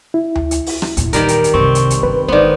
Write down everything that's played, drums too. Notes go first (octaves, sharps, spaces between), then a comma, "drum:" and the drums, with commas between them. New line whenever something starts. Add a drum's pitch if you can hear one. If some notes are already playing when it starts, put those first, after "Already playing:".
E4
drum: tom D2
drum: hi-hat
drum: open hi-hat
drum: rim click
E2 A#2, drum: hi-hat
D#3 G3 A#4, drum: kick, hi-hat
drum: hi-hat
drum: hi-hat
C2 G2 C4 C#6
drum: hi-hat
drum: hi-hat
G1 B4
G1 D#3 G#3 B3 C5 D5